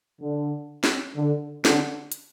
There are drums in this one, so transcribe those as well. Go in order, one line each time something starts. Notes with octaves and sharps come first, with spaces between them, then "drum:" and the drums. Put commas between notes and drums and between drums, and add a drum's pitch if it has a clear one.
D3
drum: snare
D3
D3, drum: snare
drum: hi-hat